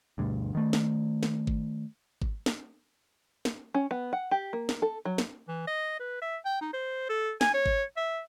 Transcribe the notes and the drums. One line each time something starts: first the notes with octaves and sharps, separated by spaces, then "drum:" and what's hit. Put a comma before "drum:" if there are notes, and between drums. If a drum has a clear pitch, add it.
D2 G2 B2
D#3 A3
drum: snare
drum: snare
drum: kick G#1
drum: kick G#1
drum: snare
drum: snare
C#4
B3
F#5
G4
A#3
drum: snare
A4
F#3
drum: snare
E3
D#5
B4
E5
G5
D#4
C5
A4
G#5, drum: snare
C#5
drum: kick G#1
E5